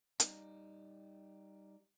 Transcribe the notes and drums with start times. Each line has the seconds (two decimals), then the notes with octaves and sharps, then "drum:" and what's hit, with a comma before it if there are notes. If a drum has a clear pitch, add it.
0.20 G3 D#4, drum: hi-hat